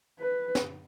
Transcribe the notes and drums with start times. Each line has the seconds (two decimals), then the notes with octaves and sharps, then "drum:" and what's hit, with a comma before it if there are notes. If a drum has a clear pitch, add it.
0.19 B4
0.55 drum: snare